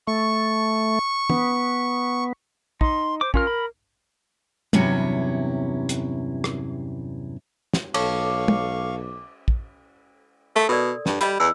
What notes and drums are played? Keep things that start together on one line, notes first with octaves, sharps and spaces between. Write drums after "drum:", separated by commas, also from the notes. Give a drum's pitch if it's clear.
A3 C#6
B3, drum: tom
D#4 C6, drum: kick
C5 D6
C#4 F4 A#4 F6, drum: kick
B5
E2 G2 C3 F#3 C#4 E4, drum: tom
drum: hi-hat
drum: rim click
drum: snare
B1 A4 C#5 F5 A5 C#6 D6, drum: cymbal
drum: tom
drum: kick
A3 A#4 C6
B2 A4 A#4 D5
G2, drum: snare
G3 D#5 B5, drum: hi-hat
E2 E6